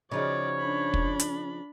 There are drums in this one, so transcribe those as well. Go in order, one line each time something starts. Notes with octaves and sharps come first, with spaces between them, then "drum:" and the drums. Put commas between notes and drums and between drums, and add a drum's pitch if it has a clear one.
C#3 F3 D#4 F#4 C#5 D5
D4 B5
drum: kick
drum: hi-hat